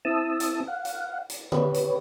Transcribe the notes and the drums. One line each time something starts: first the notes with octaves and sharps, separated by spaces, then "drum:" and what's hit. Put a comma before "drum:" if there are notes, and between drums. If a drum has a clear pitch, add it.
C4 E4 A5 D#6 E6
drum: hi-hat
F5 F#5
drum: hi-hat
drum: hi-hat
G4 B4 C#5, drum: tom
drum: hi-hat